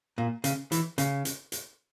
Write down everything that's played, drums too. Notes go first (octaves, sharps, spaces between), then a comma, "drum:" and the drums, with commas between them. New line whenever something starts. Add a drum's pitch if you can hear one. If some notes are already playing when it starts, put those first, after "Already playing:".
A#2
C#3, drum: hi-hat
E3, drum: hi-hat
C#3, drum: hi-hat
drum: hi-hat
drum: hi-hat